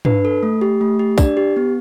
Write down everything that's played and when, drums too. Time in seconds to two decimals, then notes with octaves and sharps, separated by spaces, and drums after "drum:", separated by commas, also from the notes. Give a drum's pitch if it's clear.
0.05 D4 B4, drum: tom
0.25 A4
0.43 A3
0.61 G4
0.81 A3
0.99 G4
1.18 D4 D5, drum: kick, tambourine
1.37 G4
1.56 B3